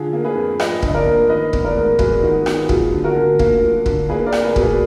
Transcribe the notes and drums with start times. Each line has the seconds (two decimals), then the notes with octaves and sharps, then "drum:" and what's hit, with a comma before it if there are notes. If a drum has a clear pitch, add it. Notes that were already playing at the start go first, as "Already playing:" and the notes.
Already playing: D3 F4 G#4
0.13 A#3
0.24 G#4 B4
0.36 F2
0.60 F3 B4 D#5, drum: rim click
0.83 D3 D#5, drum: kick
0.94 A#4 D5
1.06 A#3
1.29 D#3 B4 D#5
1.53 B3, drum: kick
1.64 A#4 D5
1.76 G#2
1.99 F#3 G#4 B4, drum: kick
2.23 D#3 D#4 F#4
2.46 B3 D#4 F#4, drum: rim click
2.69 F#3 F4 G#4, drum: kick
2.92 D3
3.04 F#4 A#4
3.16 D3
3.39 A#3, drum: kick
3.62 F#3
3.86 D3, drum: kick
4.09 A#3 G#4 B4
4.26 A#4 D5
4.32 A#3, drum: rim click
4.44 G#4 B4
4.56 B2, drum: kick
4.61 G#4 B4